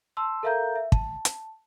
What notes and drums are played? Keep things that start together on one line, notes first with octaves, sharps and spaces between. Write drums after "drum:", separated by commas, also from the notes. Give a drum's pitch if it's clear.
A5 C6 E6
A4 A#4 E5 F5 A#5 G6
E5
A5, drum: kick
drum: hi-hat